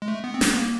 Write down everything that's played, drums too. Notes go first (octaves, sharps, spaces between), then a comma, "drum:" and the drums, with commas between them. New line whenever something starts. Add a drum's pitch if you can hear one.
G#3
A3
B3
C4
B3, drum: snare
A#3